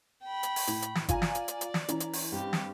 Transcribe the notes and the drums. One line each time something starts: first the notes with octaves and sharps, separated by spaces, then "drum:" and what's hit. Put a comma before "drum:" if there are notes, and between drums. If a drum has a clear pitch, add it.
G5 B5
drum: hi-hat
drum: open hi-hat
A2, drum: hi-hat
drum: hi-hat
drum: snare
F4 D5 G#5 A#5, drum: kick G1, hi-hat
drum: snare
drum: hi-hat
drum: hi-hat
drum: hi-hat
drum: snare
E3 C#4 A#5, drum: hi-hat
drum: hi-hat
drum: open hi-hat
G2 C4 G4
drum: snare